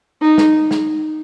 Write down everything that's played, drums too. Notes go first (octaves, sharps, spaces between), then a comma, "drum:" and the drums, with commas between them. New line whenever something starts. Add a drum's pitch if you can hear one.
D#4
drum: snare
drum: snare